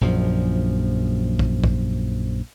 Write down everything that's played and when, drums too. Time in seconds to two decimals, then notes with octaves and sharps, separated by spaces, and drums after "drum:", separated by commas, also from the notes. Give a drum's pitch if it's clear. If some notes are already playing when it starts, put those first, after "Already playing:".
0.01 A#1 F#2 F3
1.39 drum: kick
1.64 drum: kick